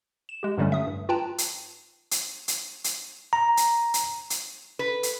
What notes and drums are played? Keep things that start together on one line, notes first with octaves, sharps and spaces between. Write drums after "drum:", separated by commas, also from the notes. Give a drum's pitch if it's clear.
E7
G#3 G4
G2 D3 F#3 G3 A3 C#4
E5 D#6
G2
F4 B4 G5 A5 A#5
drum: hi-hat
drum: hi-hat
drum: hi-hat
drum: hi-hat
A#5
drum: hi-hat
drum: hi-hat
drum: hi-hat
B4
drum: hi-hat